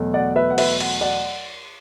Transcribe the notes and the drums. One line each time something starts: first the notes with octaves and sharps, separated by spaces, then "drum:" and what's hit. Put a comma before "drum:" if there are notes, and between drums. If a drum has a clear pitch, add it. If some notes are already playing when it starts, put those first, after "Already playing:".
Already playing: E2 B2 F#3 A3
D5 F#5
B4 E5
F#5
B4 E5, drum: cymbal
F#5, drum: cymbal
D5 F#5